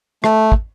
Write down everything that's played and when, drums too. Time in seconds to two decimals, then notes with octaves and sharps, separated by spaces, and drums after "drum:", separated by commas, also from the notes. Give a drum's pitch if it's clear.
0.24 A3, drum: rim click
0.52 drum: kick